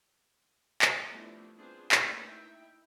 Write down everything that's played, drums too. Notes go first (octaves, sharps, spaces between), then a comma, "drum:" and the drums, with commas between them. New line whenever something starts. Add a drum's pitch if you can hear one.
drum: clap
F3 G3 A3 B3 D4 E4
B3 C4 D4 F4 G#4 C5
A3 A#3 C#4 D4 B4 F#5, drum: clap
D#4 E4 E5 G5